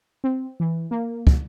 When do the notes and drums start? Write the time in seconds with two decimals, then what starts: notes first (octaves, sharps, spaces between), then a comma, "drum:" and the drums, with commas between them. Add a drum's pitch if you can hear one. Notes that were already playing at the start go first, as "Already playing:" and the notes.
0.24 C4
0.60 E3
0.91 A#3
1.27 drum: kick